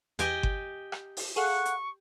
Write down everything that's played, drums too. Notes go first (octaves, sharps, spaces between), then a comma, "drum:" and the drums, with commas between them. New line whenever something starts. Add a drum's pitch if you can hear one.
E2 G4 D#5 G#5, drum: hi-hat
drum: kick G1
drum: rim click
drum: open hi-hat
G#4 A4 F5 F#5 C#6
drum: hi-hat